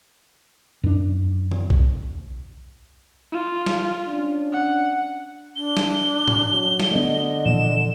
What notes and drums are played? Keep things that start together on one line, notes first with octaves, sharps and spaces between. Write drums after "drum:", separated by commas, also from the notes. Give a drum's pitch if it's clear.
F#2 D4
drum: tom
drum: kick B1
F4
drum: snare
C#4 D4
F#5
D4 G7
drum: snare
drum: tom G#2
F#3
drum: snare
D3 A3 B3 D#5
A#2 E3 F3 E7